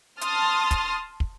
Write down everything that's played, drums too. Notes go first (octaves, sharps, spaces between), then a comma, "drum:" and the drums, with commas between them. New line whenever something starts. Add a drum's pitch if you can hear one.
A5 C6 D#6 F6 A6, drum: hi-hat
drum: kick, hi-hat
drum: kick